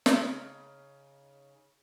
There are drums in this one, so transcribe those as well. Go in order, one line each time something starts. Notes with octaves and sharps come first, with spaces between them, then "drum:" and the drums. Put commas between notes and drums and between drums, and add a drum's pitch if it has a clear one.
C#3 D#4, drum: snare